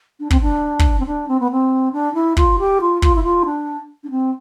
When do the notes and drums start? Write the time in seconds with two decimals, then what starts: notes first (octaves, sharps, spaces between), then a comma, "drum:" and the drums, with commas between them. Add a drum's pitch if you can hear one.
0.20 D4
0.30 C4, drum: kick
0.41 D4
0.79 drum: kick
0.99 C4
1.06 D4
1.28 C4
1.40 B3
1.51 C4
1.92 D4
2.14 E4
2.37 F4, drum: kick
2.59 G4
2.80 F4
3.02 F4, drum: kick
3.15 E4
3.23 F4
3.45 D4
4.03 D4
4.10 C4